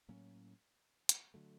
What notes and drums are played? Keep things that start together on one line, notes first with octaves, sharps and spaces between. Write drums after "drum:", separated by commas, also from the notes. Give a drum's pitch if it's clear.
A2 F#3 A#3 C#4
drum: hi-hat
D3 F#3 A3